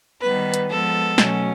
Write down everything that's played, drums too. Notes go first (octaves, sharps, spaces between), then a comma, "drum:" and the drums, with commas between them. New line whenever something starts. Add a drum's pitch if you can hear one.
D#3 G3 B3 B4
drum: hi-hat
F3 G#3 B3 A4
B2 F#3 A3 C#4, drum: snare